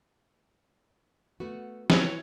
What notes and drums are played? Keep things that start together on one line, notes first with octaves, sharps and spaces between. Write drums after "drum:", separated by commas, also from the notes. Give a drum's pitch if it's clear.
A3 B3 F#4
E3 E4 B4 C#5, drum: snare